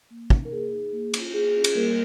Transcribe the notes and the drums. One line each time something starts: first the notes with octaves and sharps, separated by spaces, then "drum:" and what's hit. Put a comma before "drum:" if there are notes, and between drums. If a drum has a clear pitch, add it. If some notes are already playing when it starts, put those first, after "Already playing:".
A#3
D#4, drum: kick
A#4
A#3 G#4
D#4
A#3
C#4 F4, drum: cymbal
A#3 G#4
C#4 F4
G#4, drum: cymbal
G3 A#3 A#4